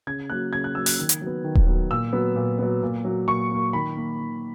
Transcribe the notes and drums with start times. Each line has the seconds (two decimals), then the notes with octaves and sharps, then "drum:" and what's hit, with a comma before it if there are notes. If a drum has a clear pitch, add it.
0.07 C#3 G#6
0.30 F#3 A#3 F#6
0.53 C#3 G#6
0.64 F#6
0.75 F#3 A#3 E6
0.86 F#6, drum: open hi-hat
0.99 D#3
1.09 drum: hi-hat
1.21 F#3 B3
1.44 D#3
1.55 drum: kick D#1
1.67 F#3 B3
1.91 A#2 E6
2.13 F#3 B3
2.36 A#2
2.59 F#3 B3
2.82 A#2
3.05 F#3 A#3
3.27 A#2 C#6
3.51 F#3 A#3
3.73 D#3 B5
3.97 A#3
4.20 D#3